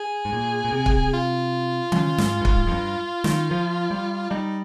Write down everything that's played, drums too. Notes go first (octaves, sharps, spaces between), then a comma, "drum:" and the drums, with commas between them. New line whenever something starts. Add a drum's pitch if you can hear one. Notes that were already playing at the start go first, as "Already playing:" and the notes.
Already playing: G#4
G#2
A#2
A#2
C3
drum: kick
F4
C#3, drum: tom D#3
G#2, drum: snare
G2
G#2, drum: kick
F2
G2
D#3, drum: snare
F3
G3
G3 D#4